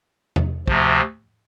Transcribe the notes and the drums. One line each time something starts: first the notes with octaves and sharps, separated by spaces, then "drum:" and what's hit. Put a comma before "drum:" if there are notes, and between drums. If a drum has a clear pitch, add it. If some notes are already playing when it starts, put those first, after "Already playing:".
drum: tom E2
D2 C3 F3, drum: kick